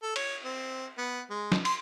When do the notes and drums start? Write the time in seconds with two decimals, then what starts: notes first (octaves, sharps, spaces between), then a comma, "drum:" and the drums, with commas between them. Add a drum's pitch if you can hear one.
0.03 A4
0.16 C#5, drum: cymbal
0.44 C4
0.98 B3
1.30 G#3
1.52 drum: snare
1.65 C6, drum: cymbal